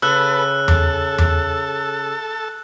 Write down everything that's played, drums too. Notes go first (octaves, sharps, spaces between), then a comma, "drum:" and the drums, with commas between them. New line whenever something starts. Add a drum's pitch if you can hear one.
C#3 A4 B4 B5 E6 F#6
A4, drum: tom E2
drum: tom E2